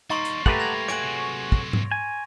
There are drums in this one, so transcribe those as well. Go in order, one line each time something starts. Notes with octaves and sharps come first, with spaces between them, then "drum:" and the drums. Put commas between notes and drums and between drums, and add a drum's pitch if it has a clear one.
G3 A#3 D#4 C6 C#6 A6
drum: hi-hat
A3 G4 B4 F#5 A5 A#5 F7, drum: kick
G#6 A#6 F7
F#4 G#4 C#5 D7, drum: rim click
C3 F#3
drum: kick
drum: tom G#2
G#5